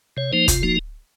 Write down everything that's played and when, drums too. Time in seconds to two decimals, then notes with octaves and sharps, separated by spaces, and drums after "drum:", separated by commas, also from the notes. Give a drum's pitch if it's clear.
0.17 C3 C#5
0.33 F3 A#3 D#4 C5
0.48 C3 F4, drum: kick, hi-hat
0.63 F3 A#3 D#4 F#4